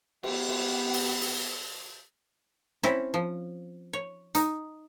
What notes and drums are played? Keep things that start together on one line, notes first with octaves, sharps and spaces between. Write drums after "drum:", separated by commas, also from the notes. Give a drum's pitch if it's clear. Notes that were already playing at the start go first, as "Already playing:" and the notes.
B3 G4, drum: cymbal
drum: cymbal
drum: open hi-hat
drum: open hi-hat
C4 C#4 E4, drum: snare
F3
C#5
D#4, drum: hi-hat